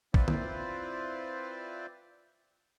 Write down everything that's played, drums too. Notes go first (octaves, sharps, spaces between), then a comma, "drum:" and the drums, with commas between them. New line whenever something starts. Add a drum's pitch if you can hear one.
C4 E4 F4 B4 C5 D5, drum: kick
drum: tom D3